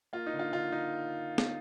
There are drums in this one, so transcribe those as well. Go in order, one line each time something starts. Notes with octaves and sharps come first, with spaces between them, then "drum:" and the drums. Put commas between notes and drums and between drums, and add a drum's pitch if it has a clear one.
A#3 F4
D#4
D3
F4
D3 F4
D#4
drum: snare